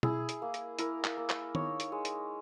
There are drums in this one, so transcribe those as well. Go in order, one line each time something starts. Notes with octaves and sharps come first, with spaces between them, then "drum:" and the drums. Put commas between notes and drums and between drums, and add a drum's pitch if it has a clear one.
E4 G#4, drum: tom B2
drum: hi-hat
A#3
drum: hi-hat
E4 A#4, drum: hi-hat
drum: clap
A#3
drum: clap
D#4 C#5, drum: tom
drum: hi-hat
G#3
drum: hi-hat